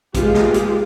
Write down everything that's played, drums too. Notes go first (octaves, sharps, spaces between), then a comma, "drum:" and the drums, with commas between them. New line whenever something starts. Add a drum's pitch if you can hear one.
G#3 F4 G4, drum: kick A1, hi-hat
drum: snare
drum: hi-hat